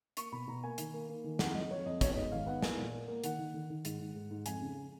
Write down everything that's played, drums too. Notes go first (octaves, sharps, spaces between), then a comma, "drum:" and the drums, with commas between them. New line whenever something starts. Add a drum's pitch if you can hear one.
A#3 C#6, drum: hi-hat
B2 B5
B2 A#5
A#3 G#5
D#3, drum: hi-hat
A#3
A#3
D#3
F2 F#5, drum: snare
F#3 D#5
F2 C#5
F2 D#5
B3 C#5, drum: kick, hi-hat
C#5
G#2 D#5
D#3 F5
B3 F#5
A#3 G#5, drum: snare
A#2
A#3
A#3
D#3 F#5, drum: hi-hat
D#3
D#3
D#3
G#2, drum: hi-hat
G#2
G#2
G#2
F2 G#5, drum: hi-hat
C#3